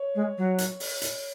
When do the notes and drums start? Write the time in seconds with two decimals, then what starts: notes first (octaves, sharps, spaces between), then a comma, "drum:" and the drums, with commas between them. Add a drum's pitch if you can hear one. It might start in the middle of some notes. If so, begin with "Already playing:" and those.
Already playing: C#5
0.15 G#3
0.37 F#3
0.58 drum: hi-hat
0.80 drum: open hi-hat
1.02 drum: hi-hat